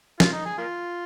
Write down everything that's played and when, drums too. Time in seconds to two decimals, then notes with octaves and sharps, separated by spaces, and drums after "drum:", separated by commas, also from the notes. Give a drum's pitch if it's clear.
0.20 F4, drum: snare
0.32 D#4
0.45 G#4
0.58 A#3 F4